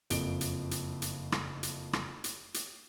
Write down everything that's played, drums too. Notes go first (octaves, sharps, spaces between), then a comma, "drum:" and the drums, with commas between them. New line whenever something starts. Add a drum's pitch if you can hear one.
F#1 F2 D7 G7, drum: hi-hat
drum: hi-hat
drum: hi-hat
drum: hi-hat
drum: rim click
drum: hi-hat
drum: rim click
drum: hi-hat
drum: hi-hat